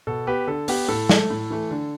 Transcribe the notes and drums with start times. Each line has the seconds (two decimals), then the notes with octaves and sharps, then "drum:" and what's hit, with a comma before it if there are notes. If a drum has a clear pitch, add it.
0.07 B2 A4
0.27 B3 G4 B4
0.47 D3 A4
0.68 B3 G4, drum: open hi-hat
0.88 A2 A4
1.09 A3, drum: snare
1.30 A2
1.50 E3 A3
1.71 D3